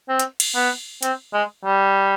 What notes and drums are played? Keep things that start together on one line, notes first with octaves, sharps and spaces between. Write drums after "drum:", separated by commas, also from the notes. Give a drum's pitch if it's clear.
C4
drum: hi-hat
drum: cymbal
B3
C4, drum: hi-hat
G#3
G3